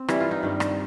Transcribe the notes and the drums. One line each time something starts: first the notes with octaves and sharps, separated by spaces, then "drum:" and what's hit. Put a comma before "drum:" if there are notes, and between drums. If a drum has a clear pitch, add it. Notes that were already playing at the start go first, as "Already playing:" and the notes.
Already playing: C4
C3 E3 G3 E4, drum: rim click
F4
D#4
G2 D#3 G3
drum: rim click